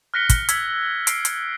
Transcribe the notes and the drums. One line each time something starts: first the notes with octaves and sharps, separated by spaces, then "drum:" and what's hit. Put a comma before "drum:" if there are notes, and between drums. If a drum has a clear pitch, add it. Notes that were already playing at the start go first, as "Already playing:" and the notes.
F6 F#6 A#6 B6 C#7 G7
drum: kick, hi-hat
E6 G#6 B6, drum: hi-hat
C7 D7, drum: hi-hat
drum: hi-hat